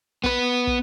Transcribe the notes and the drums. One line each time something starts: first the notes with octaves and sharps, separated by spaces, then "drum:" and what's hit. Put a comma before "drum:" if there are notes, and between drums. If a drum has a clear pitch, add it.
B3 B4, drum: kick
drum: kick